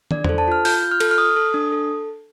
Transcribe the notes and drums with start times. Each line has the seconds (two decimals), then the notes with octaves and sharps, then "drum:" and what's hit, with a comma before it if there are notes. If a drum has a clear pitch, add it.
0.11 D4 D5, drum: tom
0.24 C5, drum: tom E2
0.29 A4
0.38 A5
0.48 F4 F6
0.65 F4 G6, drum: open hi-hat
0.81 F4 G6
0.91 F6
1.00 A4, drum: cymbal
1.11 F6
1.18 A4 D#6
1.37 A4
1.54 D4
1.72 A4